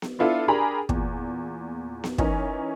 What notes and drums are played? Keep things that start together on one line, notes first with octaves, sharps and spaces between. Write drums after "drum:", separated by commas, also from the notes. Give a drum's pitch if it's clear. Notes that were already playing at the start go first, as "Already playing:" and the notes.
drum: snare B3
B3 D4 E4 F4 A4
D4 G4 G#4 A#4 A#5 B5
E2 A#2, drum: kick
drum: snare B3
E3 C#4 D#4 A#4, drum: kick